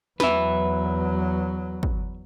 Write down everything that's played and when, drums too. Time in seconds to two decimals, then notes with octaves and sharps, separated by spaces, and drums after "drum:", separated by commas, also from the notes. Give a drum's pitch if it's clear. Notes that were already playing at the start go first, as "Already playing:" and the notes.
0.20 E2 F#3 B4 E5, drum: snare
1.83 drum: kick